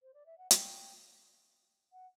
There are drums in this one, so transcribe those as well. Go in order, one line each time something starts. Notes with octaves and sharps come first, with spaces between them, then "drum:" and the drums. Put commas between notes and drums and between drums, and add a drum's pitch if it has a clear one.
C5
D5
E5
F#5
G5, drum: hi-hat
F#5